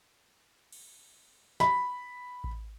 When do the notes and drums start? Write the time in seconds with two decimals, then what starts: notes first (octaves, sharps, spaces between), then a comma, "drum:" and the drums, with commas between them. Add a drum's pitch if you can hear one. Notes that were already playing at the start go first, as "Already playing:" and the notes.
0.72 drum: cymbal
1.60 B5, drum: snare
2.44 drum: kick A1